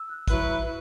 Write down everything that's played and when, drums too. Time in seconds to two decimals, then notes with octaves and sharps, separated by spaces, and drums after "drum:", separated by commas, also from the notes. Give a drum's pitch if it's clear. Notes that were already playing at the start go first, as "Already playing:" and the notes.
Already playing: E6
0.09 F#6
0.28 F#3 E4 B4 F#6, drum: kick, hi-hat